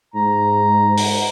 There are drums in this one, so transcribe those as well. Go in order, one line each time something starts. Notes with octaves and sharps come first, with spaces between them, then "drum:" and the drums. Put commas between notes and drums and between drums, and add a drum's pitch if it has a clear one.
G#2 A#5
drum: open hi-hat